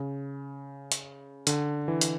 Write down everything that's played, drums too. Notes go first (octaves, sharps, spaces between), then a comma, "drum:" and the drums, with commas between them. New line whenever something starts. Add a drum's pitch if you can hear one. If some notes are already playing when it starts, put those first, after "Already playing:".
Already playing: C#3
drum: hi-hat
D3, drum: hi-hat
E3
drum: hi-hat